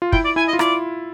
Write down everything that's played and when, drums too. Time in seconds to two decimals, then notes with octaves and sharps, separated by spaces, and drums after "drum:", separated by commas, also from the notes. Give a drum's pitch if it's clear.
0.02 F4
0.12 E4 G5, drum: kick
0.25 D5
0.36 E4 G#5
0.48 D#5
0.53 F4
0.59 E4 D5, drum: rim click